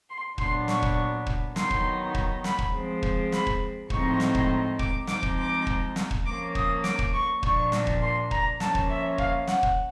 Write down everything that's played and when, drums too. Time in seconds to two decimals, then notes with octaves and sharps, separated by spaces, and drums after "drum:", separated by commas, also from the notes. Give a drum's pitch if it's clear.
0.10 C6
0.38 A#2 F#3 B3 D4 C6, drum: kick
0.68 C#6, drum: snare
0.82 drum: kick
1.26 drum: kick
1.56 D#3 F#3 B3 D#4 C6, drum: snare
1.70 drum: kick
2.14 drum: kick
2.44 B5, drum: snare
2.58 drum: kick
2.73 F3 G#3 C4
3.03 drum: kick
3.32 B5, drum: snare
3.47 drum: kick
3.90 A2 F3 G#3 C4 D#4 C#6, drum: kick
4.20 drum: snare
4.35 drum: kick
4.79 D6, drum: kick
5.07 F3 G#3 C4 D#4 D6, drum: snare
5.23 drum: kick
5.37 D6
5.67 drum: kick
5.96 drum: snare
6.11 drum: kick
6.25 F3 A#3 C#4 D6
6.55 D#6, drum: kick
6.84 D6, drum: snare
6.99 drum: kick
7.13 C#6
7.43 A#2 F3 A#3 D4 C#6, drum: kick
7.72 drum: snare
7.87 drum: kick
8.02 C6
8.31 A#5, drum: kick
8.60 F3 A#3 C#4 A5, drum: snare
8.75 drum: kick
8.89 E5
9.18 F5, drum: kick
9.47 F#5, drum: snare
9.63 drum: kick